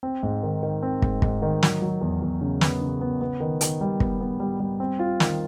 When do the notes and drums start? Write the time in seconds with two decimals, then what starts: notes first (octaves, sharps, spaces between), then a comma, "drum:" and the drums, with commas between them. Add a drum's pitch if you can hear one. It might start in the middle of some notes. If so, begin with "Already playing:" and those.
0.03 C4
0.23 G#2
0.43 D#3
0.63 D#3
0.82 C4
1.02 G#2, drum: kick
1.22 G#2, drum: kick
1.42 D#3
1.63 F#3, drum: snare
1.82 F#3
2.01 E2
2.22 E2
2.41 C#3
2.61 B3, drum: snare
2.81 C#3
3.01 B3
3.21 B3
3.40 D#3
3.61 D#3, drum: hi-hat
3.81 G3
4.00 B3, drum: kick
4.20 B3
4.40 G3
4.60 G3
4.80 C4
4.99 F4
5.20 D#3, drum: snare